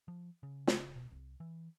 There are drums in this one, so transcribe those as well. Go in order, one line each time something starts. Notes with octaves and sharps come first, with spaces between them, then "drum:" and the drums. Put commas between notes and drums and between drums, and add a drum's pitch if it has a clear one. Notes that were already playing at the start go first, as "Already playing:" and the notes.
F3
C#3
drum: snare
B2
C2
E3